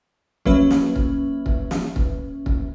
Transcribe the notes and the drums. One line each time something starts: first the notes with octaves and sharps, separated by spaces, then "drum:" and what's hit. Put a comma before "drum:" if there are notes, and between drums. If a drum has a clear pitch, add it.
F#3 A#3 C#4 B4 E5, drum: kick
drum: snare
drum: kick
drum: kick
drum: snare
drum: kick
drum: kick